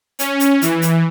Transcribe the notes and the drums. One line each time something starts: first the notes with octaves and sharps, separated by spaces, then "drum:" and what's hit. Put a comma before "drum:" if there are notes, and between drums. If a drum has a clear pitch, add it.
C#4, drum: hi-hat
drum: hi-hat
E3, drum: hi-hat
drum: hi-hat